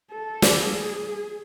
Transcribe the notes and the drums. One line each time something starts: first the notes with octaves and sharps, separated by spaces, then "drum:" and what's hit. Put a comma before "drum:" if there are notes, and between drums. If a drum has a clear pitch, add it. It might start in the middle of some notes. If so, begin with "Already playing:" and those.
A4
G#4, drum: snare